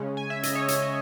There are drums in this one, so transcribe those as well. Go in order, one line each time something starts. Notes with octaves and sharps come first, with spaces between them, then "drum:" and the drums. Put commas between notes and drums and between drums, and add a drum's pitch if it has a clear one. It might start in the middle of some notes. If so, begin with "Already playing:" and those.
Already playing: C#3 G#3 C#4
G#5
E5
D#5, drum: hi-hat
C#5
C#5, drum: hi-hat
D#5